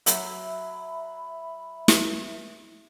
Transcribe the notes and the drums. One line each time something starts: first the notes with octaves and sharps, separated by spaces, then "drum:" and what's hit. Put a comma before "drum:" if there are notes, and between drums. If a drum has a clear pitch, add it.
F#3 E5 B5, drum: hi-hat
drum: snare